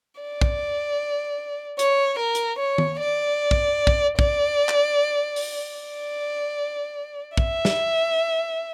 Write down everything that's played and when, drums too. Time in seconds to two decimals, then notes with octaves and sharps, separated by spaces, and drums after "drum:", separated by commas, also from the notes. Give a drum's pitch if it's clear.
0.21 D5
0.41 drum: kick
1.79 C#5, drum: hi-hat
2.19 A#4
2.35 drum: hi-hat
2.59 C#5
2.78 drum: tom D#3
3.00 D5
3.51 drum: kick
3.87 drum: kick
4.19 D5, drum: kick
4.69 drum: clap
5.36 drum: open hi-hat
5.78 D5
7.37 E5, drum: kick
7.65 drum: snare